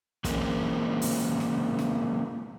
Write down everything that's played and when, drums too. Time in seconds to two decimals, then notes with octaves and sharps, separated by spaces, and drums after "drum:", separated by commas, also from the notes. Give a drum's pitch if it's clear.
0.24 E3 G#3 A#3 C4 C#4, drum: kick, hi-hat
1.02 drum: open hi-hat
1.40 drum: snare
1.79 drum: snare